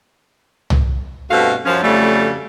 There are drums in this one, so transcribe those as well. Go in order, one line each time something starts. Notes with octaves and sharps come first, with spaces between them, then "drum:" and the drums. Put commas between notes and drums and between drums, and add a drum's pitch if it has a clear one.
drum: tom C2
G2 B2 A3 C4 F#4 F5
F#2 F3 C#4
F2 C#3 F#3 G3 A3